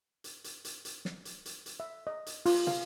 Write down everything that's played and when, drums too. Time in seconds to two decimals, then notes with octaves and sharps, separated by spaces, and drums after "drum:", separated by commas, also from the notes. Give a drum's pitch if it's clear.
0.24 drum: hi-hat
0.44 drum: hi-hat
0.65 drum: hi-hat
0.85 drum: hi-hat
1.05 drum: snare
1.25 drum: hi-hat
1.45 drum: hi-hat
1.66 drum: hi-hat
1.80 E5
2.07 D#5
2.26 drum: hi-hat
2.46 F4, drum: open hi-hat
2.67 F5, drum: tom